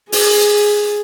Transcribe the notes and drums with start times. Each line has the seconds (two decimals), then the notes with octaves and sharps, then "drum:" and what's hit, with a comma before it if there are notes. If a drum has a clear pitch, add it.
0.12 G#4, drum: open hi-hat